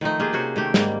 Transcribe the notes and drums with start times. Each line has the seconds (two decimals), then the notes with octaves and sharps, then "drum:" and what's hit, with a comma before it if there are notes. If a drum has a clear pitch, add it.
0.01 D#3 F3 A3 D#4
0.20 A#3 F4 G4 G#4
0.33 C3 C#4 F#4 C5
0.56 D#3 A3 G4
0.74 G#2 G3 A#3, drum: snare